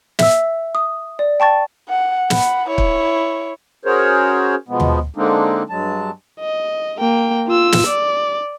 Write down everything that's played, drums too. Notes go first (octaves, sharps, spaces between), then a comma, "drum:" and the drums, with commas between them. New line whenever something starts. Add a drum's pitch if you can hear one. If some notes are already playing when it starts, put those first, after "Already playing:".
E5 E6, drum: snare
D#6
D5
G5 A5 C#6 A6
F#5
F#5 B5, drum: snare
E4 C#5
drum: kick
C#4 F#4 G#4 A#4 C5 C#5
B2 F3 G#3 B3
drum: tom D#2
D3 G#3 A#3 C4 D4 D#4
G2 F#3 G#3 A5
D#5
A#3 G5
F4 E6
drum: snare
D5